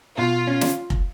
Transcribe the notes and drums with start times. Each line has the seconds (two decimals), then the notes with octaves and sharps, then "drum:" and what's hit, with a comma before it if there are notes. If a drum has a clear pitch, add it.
0.18 B2 F4
0.47 C#4
0.61 drum: snare
0.90 drum: kick F1